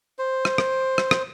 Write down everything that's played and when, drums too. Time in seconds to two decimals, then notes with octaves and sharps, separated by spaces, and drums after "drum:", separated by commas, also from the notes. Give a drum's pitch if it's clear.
0.19 C5
0.45 drum: rim click
0.58 drum: rim click
0.98 drum: rim click
1.11 drum: rim click